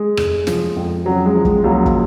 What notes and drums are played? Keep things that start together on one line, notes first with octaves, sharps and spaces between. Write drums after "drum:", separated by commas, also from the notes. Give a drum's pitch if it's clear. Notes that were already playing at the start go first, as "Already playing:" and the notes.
Already playing: G#3
F1, drum: rim click
F3, drum: snare
F2
C#3 F#3
G#3
F3
G#3, drum: kick
C#2 F#3 A#3
drum: kick